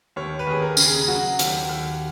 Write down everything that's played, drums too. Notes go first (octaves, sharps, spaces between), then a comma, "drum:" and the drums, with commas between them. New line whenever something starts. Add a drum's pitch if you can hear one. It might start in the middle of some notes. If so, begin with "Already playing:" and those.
D#2 C#5
B4
D#2 G#4
A#4
C#3, drum: tambourine
G#4
F#3 F#4
D#2, drum: hi-hat
D#2